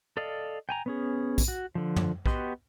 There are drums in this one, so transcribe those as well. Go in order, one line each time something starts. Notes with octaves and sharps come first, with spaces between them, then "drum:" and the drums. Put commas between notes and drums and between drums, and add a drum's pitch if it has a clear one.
A4 D5 D#5 F5
G5 G#5 A#5
B3 C#4 G#4
drum: kick, tambourine
F#4
D3 F3
drum: tom
B3 F#4 G4 D#5 C6, drum: kick